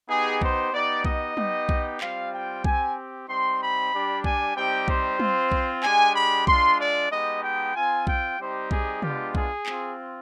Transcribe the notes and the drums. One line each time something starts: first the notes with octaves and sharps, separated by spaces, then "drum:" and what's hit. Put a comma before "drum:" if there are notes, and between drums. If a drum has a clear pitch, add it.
B3 D#4 G4 G#4
C5, drum: kick B1
B3 D#4 G4 D5
D#5, drum: kick B1
B3 D#4 G4, drum: tom
drum: kick B1
G3 C4 F4 F5, drum: clap
G5
C4 G4 G#5, drum: kick B1
G3 C4 D#4 C6
B5
G3 D4 G4
G#5, drum: kick B1
G3 C4 D#4 G4 G5
C5, drum: kick B1
C4 F4, drum: tom
drum: kick B1
G#3 D4 G4 G#5, drum: clap
B5
G#3 D4 F4 C6, drum: kick B1
D5
G#3 B3 D#4 G4 D#5
G5
C4 F4 G#5
G5, drum: kick B1
G3 C4 D#4 G4 C5
G#4, drum: kick B1
G#3 B3 D4 F4 G4, drum: tom
G#4, drum: kick B1
C4 F4, drum: clap